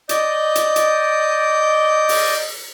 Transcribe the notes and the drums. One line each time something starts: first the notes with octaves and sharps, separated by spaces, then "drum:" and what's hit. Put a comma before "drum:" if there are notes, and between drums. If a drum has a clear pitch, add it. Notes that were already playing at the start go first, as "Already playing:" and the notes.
D5 D#5 G6, drum: hi-hat
drum: hi-hat
drum: hi-hat
drum: open hi-hat